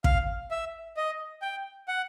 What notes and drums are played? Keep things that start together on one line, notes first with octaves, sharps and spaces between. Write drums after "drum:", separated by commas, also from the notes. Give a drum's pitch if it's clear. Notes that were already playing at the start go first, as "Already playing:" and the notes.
F5, drum: kick
E5
D#5
G5
F#5